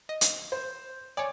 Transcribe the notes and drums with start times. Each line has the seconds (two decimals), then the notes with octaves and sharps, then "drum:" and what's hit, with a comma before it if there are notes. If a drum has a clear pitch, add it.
0.09 D#5
0.21 drum: hi-hat
0.52 C5
1.17 C#5 D5 G#5 D6